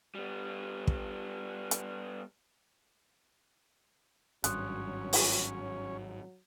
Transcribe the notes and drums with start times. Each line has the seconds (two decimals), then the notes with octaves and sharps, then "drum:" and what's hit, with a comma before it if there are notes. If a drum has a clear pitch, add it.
0.15 G3 B3
0.87 drum: kick
1.71 drum: hi-hat
4.44 G#1 G2 F#3 C#4 C6 D#6 F#6, drum: hi-hat
5.13 drum: open hi-hat